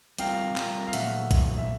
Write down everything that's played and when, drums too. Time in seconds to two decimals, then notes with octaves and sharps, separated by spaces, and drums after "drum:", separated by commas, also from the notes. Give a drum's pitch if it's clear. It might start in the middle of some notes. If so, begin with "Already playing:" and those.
0.18 G3 C4 F4 A#4 F5 G5, drum: hi-hat
0.56 G3 C4 F4 A#4, drum: clap
0.87 F5
0.93 A#2 F#3 A3 E5 F#5, drum: hi-hat
1.31 A#2 F#3 A3, drum: kick A#1, hi-hat
1.58 E5